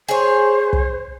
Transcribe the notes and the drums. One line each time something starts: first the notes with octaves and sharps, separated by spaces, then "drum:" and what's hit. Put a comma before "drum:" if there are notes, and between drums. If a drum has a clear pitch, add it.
G#4 C5 C#5
drum: kick